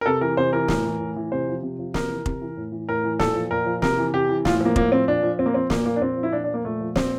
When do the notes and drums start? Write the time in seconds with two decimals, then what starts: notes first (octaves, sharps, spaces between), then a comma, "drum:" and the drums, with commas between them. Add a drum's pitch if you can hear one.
0.01 A#4
0.06 C3 A4
0.21 E3 A#4
0.37 C3 C5
0.53 E3 A#4
0.68 A2, drum: snare
0.85 E3
1.00 A2
1.16 E3
1.32 C3 C5
1.48 F3
1.63 C3
1.79 F3
1.94 C3 A#4, drum: snare
2.10 E3
2.26 C3, drum: kick F1
2.41 E3
2.57 A2
2.72 E3
2.89 A2 A#4
3.04 E3
3.19 A#2 A4, drum: snare
3.35 F3
3.51 A#2 A#4
3.66 F3
3.82 C3 A#4, drum: snare
3.98 E3
4.14 C3 G4
4.29 E3
4.45 A2 F4, drum: snare
4.61 F3 A#3
4.76 A2 A#3, drum: kick F1
4.92 F3 C4
5.08 A#2 D4
5.23 F3
5.39 A#2 C4
5.46 A#3
5.54 F3 C4
5.70 A#2 A#3, drum: snare
5.86 F3 A#3
5.96 D4
6.01 A#2 C4
6.17 F3
6.23 E4
6.33 A#2 D4
6.44 D4
6.49 F3 A#3
6.65 A#2 A3
6.81 F3
6.96 A#2 C4, drum: snare